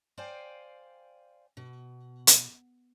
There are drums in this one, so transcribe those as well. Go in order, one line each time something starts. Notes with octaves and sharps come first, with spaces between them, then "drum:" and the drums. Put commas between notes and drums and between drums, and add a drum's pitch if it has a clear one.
C5 D5 F5 G5 G#5
B2
drum: hi-hat